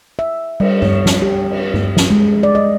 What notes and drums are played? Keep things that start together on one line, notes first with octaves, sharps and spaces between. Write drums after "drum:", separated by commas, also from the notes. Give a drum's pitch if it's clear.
E5
G3, drum: cymbal
C#5, drum: tom G2
drum: snare
G4
drum: cymbal
drum: tom G2
drum: snare
G#3
D5
D#5